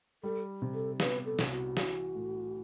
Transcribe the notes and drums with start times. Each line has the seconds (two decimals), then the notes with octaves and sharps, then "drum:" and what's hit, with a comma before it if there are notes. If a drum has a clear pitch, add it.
0.23 G3 A4
0.62 C3
0.74 A4
1.00 B3 B4, drum: snare
1.25 A4
1.39 C2, drum: snare
1.52 F#4
1.77 E3, drum: snare
2.15 A2